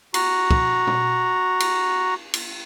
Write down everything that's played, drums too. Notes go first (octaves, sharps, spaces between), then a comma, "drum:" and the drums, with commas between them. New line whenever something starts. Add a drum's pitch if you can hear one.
F#4 A#5, drum: cymbal
drum: kick
drum: tom B2
drum: cymbal
drum: cymbal